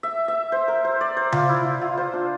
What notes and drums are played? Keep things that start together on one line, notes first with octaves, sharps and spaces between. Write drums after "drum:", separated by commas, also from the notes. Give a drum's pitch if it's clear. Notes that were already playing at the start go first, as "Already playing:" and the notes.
E5
E5
C5
A#4
C5
D5
C5
F4, drum: tom C#3
E4
F4
F4
C5
D4